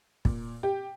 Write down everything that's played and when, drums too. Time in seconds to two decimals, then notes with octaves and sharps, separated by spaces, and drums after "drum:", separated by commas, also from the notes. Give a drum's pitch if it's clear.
0.25 A#2, drum: kick
0.63 G4